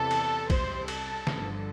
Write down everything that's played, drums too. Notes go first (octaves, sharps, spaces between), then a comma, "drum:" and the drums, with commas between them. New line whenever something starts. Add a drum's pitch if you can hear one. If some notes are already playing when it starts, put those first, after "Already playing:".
Already playing: E2 C3 E3 G3 A4
drum: cymbal
C2 C3 G3 C5, drum: kick, cymbal
A4, drum: cymbal
G1 G2 D3 F3, drum: snare